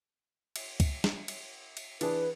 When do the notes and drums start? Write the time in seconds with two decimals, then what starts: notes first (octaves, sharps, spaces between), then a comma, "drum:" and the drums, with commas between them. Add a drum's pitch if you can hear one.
0.56 drum: cymbal
0.80 drum: kick C#2, cymbal
1.04 drum: snare
1.28 drum: cymbal
1.77 drum: cymbal
2.01 E3 D4 G#4 B4, drum: cymbal